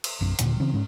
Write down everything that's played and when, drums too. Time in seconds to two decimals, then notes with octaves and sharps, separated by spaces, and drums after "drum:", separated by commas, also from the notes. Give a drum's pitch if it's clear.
0.04 drum: cymbal
0.21 A#1 F#2
0.39 D#1 D#2 A#2 D3, drum: hi-hat
0.60 C#3 E3 C4
0.73 G#2 C#4